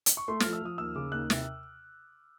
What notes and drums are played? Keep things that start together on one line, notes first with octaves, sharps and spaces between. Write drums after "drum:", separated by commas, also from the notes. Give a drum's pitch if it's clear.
drum: hi-hat
C#6
A3 C6
F6, drum: snare
F3
E6
F3 D#6
D#2 E6
C#3 D6
D#2 F#6
C3, drum: snare